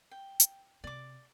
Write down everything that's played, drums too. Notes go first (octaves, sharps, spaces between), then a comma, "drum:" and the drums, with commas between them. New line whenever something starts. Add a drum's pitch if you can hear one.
G5
drum: hi-hat
C3 D5 D6